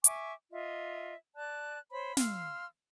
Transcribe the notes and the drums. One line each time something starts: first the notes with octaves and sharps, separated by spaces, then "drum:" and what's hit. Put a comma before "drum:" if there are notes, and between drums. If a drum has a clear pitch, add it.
E5 G#5 C#6 D6, drum: hi-hat
F4 D#5 E5
D5 A5 F#6
C5 C#5 B5
F5 C6 E6 F6, drum: snare